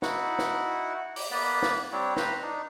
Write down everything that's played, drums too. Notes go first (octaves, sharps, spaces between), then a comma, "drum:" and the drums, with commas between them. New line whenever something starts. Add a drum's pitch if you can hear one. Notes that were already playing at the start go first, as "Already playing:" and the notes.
D#4 E4 F#4 F#5, drum: snare
drum: snare
D6, drum: open hi-hat
A#3 B3 B4 D5
drum: snare
G3 C4 D4 C#5
B4 C5 A#5, drum: snare
D4 D#4